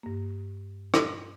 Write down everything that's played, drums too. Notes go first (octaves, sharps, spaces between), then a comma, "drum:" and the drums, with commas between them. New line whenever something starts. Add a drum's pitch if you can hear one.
G2 A#3
drum: rim click